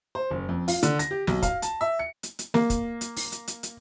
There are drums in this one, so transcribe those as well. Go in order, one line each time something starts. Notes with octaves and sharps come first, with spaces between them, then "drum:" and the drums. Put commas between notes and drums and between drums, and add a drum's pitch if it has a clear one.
C5
F#1
F2
F4, drum: open hi-hat
D3, drum: hi-hat
A#6, drum: hi-hat
G4
B1, drum: snare
F5, drum: kick, hi-hat
A5, drum: hi-hat
E5
C#7
drum: hi-hat
drum: hi-hat
A#3, drum: snare
drum: kick, hi-hat
drum: hi-hat
drum: open hi-hat
drum: hi-hat
drum: hi-hat
drum: hi-hat